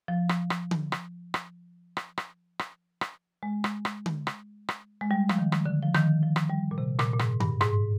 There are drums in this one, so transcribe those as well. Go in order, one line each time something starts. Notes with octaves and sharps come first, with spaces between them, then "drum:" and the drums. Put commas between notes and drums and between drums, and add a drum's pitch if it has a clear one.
F3
drum: rim click
drum: rim click
drum: tom D3
drum: rim click
drum: rim click
drum: rim click
drum: rim click
drum: rim click
drum: rim click
G#3
drum: rim click
drum: rim click
drum: tom D3
drum: rim click
drum: rim click
G#3
G3
F3, drum: rim click
D#3
drum: rim click
D3
F3
D#3, drum: rim click
F3
drum: rim click
G3
A#2
C3
A#2, drum: rim click
A#2
G#2, drum: rim click
G2, drum: tom D3
G#2, drum: rim click